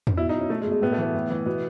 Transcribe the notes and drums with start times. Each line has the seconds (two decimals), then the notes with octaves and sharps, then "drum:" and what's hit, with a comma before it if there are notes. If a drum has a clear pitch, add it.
0.07 drum: tom
0.17 B2 E4
0.29 D#4
0.34 B2
0.40 C#4
0.50 B2 A3
0.61 G#3
0.66 B2
0.71 G#3
0.82 A2 B3
0.93 A3
0.98 E3 B3
1.14 A2
1.30 E3
1.46 B2 B3